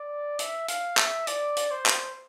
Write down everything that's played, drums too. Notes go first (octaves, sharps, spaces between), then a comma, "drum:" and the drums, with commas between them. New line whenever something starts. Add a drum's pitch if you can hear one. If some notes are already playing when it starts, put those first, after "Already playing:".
Already playing: D5
E5, drum: hi-hat
F5, drum: hi-hat
E5, drum: clap
D5, drum: hi-hat
drum: hi-hat
C5
drum: clap